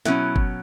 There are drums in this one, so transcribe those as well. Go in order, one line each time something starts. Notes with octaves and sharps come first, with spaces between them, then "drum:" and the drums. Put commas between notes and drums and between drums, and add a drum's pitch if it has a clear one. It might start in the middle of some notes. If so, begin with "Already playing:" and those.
B2 F#3 C#4 E4, drum: snare
drum: kick G1